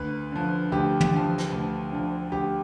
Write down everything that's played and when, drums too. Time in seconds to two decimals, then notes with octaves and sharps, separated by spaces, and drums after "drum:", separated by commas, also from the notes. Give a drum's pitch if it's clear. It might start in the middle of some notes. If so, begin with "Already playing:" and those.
Already playing: D2 B4
0.32 D3 F3
0.72 D2 G4
1.00 drum: tom
1.12 D3 F3
1.38 drum: snare
1.52 D2
1.92 D3 F3
2.32 D2 G4